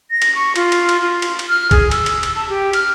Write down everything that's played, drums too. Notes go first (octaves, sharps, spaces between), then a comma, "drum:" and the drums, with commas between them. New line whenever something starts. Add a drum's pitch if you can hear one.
A#6
drum: cymbal
C#6
F4, drum: cymbal
drum: cymbal
drum: cymbal
F4
drum: cymbal
drum: cymbal
F6
G#4, drum: kick, cymbal
E6, drum: cymbal
drum: cymbal
drum: cymbal
A5
G4
F6, drum: cymbal